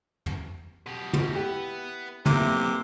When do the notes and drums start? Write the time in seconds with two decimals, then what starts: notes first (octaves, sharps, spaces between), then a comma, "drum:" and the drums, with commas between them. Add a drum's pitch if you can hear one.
0.26 drum: tom
0.86 B2 G4
1.13 drum: tom
1.35 B3 E4 G4 B4
2.26 B1 C3 A#3 E4 D6, drum: tom